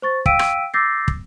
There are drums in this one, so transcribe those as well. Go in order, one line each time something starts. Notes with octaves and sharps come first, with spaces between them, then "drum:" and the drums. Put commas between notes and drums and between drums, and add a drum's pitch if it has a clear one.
C5 C#6 A6
F5 G5 E6 B6 D7 D#7, drum: kick
drum: rim click
D6 E6 G6 A6 A#6 C7
drum: kick